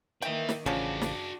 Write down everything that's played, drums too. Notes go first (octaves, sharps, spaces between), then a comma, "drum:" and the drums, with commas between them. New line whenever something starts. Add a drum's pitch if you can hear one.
D#3 A#3 B4 E5 G5
drum: snare
A1 C#3 F3 C#4 D4 F#4 G#4
drum: snare